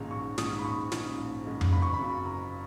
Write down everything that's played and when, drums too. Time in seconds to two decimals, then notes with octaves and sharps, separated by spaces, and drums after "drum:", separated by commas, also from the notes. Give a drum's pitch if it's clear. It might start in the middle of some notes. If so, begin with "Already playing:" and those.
Already playing: A#1 G#2 D#3 G#3 C#4
0.11 A#1 C#6
0.38 G#2 D#3 G#3 C#4 D#6, drum: snare
0.59 B5
0.65 A#1 C#6
0.92 G#2 D#3 G#3 C#4, drum: snare
1.18 A#1
1.46 G#2 D#3 G#3 C#4
1.61 drum: tom F2
1.72 F#1 B5
1.82 C#6
1.94 B5
1.99 F#2 C#3
2.25 F#1 A#5